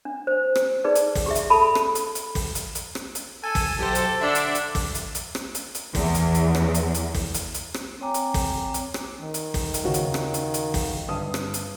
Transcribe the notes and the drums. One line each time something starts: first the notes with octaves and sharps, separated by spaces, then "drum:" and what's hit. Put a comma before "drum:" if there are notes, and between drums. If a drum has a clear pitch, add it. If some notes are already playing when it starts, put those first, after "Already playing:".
D4
C5
drum: rim click
D#4 G#4 B4 D5
drum: hi-hat
drum: kick, open hi-hat
G4 G#4 E5
drum: hi-hat
A4 A5 B5
drum: rim click
drum: hi-hat
drum: hi-hat
drum: kick, open hi-hat
drum: hi-hat
drum: hi-hat
drum: rim click
drum: hi-hat
A4 G#5
drum: kick, open hi-hat
B1 G4 A4 C5
drum: hi-hat
D3 D4 E5
drum: hi-hat
drum: hi-hat
drum: kick, open hi-hat
drum: hi-hat
drum: hi-hat
drum: rim click
drum: hi-hat
drum: hi-hat
E2, drum: kick, open hi-hat
drum: hi-hat
drum: hi-hat
drum: rim click
drum: hi-hat
drum: hi-hat
drum: kick, open hi-hat
drum: hi-hat
drum: hi-hat
drum: rim click
C4 C#5 G5 G#5 A#5 D6
drum: hi-hat
drum: kick, open hi-hat
drum: hi-hat
drum: rim click
D#3
drum: hi-hat
drum: kick, open hi-hat
drum: hi-hat
D#2 C#3 F#4
drum: hi-hat
drum: rim click
drum: hi-hat
drum: hi-hat
drum: kick, open hi-hat
G1 G2 D#6
drum: rim click
drum: hi-hat